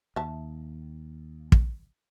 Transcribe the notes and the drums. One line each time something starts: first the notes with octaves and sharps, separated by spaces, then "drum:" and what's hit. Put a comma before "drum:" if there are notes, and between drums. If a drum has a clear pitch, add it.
D#2 E5 A5
drum: kick